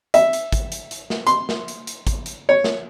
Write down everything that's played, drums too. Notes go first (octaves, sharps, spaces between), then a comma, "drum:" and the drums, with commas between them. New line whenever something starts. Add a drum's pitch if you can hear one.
E5, drum: hi-hat
drum: hi-hat
drum: kick, hi-hat
drum: hi-hat
drum: hi-hat
drum: snare
C6, drum: hi-hat
drum: snare
drum: hi-hat
drum: hi-hat
drum: kick, hi-hat
drum: hi-hat
C#5
drum: snare